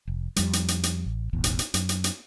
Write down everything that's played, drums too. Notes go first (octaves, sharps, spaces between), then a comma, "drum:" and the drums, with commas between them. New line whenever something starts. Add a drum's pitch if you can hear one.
F1
F2 G3, drum: hi-hat
drum: hi-hat
drum: hi-hat
drum: hi-hat
A1
E1 A1 E2
drum: hi-hat
drum: hi-hat
F#2, drum: hi-hat
drum: hi-hat
drum: hi-hat